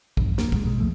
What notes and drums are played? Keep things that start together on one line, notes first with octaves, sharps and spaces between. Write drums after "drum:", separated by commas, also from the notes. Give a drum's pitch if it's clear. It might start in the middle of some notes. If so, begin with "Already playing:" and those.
A#1 E2 G2, drum: kick
D1 A#3, drum: snare
B1 F#2 G3 G#3, drum: kick
A#1 B2 G#3
B1 E2 F3 A3